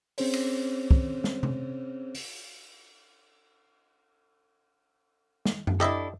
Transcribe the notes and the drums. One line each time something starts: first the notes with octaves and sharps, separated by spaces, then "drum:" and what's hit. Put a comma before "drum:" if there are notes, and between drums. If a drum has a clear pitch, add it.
C4 C#4 G#4 C5 C#5, drum: open hi-hat
drum: cymbal
drum: kick
drum: snare
drum: tom C3
drum: open hi-hat
drum: snare
drum: tom F#2
D4 E4 G4 A4 D#5 E5